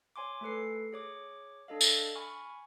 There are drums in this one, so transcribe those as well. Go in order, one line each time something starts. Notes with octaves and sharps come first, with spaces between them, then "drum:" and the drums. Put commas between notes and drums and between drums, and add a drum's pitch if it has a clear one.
C#5 G#5 C6 D6
A3 A4 B4 C7
G#4 C#5 D6
D4 A4 D#5 F5
drum: tambourine
G#5 B5 C#6 F6